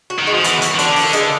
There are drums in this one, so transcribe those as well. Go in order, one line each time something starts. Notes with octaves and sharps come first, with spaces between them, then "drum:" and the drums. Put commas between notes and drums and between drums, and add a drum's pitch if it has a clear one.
F#4
D#3
G#3
F3
E3 B3, drum: hi-hat
F#4, drum: hi-hat
D#3
D3 D4, drum: hi-hat
F3, drum: open hi-hat
G#3, drum: hi-hat